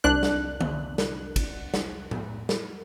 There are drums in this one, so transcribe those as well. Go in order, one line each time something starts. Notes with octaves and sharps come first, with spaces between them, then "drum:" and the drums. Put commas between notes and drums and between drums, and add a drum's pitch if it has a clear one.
C2 D4 F#6
drum: snare
drum: tom D3
drum: snare
drum: kick, cymbal
drum: snare
drum: tom A2
drum: snare